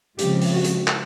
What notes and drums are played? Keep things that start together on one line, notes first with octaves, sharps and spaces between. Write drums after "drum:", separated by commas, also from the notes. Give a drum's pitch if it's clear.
C#3 F3 G#3 C4 G4, drum: hi-hat
drum: open hi-hat
F#4
drum: hi-hat
drum: clap